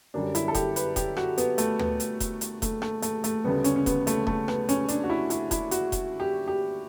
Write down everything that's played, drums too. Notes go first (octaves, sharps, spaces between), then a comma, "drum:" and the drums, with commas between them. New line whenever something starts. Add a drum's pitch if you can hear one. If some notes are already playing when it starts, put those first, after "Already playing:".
F#2 D3 G3 D4
E4, drum: hi-hat
A4
G4, drum: kick E1, hi-hat
B4, drum: hi-hat
G4, drum: kick E1, hi-hat
F#4, drum: rim click
B3, drum: hi-hat
A3, drum: hi-hat
B3, drum: tom D2
drum: hi-hat
drum: kick E1, hi-hat
drum: hi-hat
A3, drum: kick E1, hi-hat
A3, drum: rim click
A3, drum: hi-hat
A3, drum: hi-hat
D2 C#3 G3 B3
C#4, drum: hi-hat
C#4
B3, drum: kick E1, hi-hat
A3, drum: hi-hat
A3, drum: kick E1
B3, drum: rim click
C#4, drum: hi-hat
D4, drum: hi-hat
F#4
E4
E4, drum: hi-hat
E4, drum: kick E1, hi-hat
F#4, drum: hi-hat
drum: kick E1, hi-hat
G4
G4